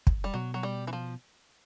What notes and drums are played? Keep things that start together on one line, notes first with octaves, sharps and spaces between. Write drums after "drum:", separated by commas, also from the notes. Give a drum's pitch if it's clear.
drum: kick
G3
B2 F#3
F#3
G3
E3
F3